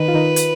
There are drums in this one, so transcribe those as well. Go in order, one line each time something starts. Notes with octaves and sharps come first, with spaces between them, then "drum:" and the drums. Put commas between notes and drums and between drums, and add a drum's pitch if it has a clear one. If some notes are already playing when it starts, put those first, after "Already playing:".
Already playing: D#3 D#4 B4
F4
D#3 D#4
drum: hi-hat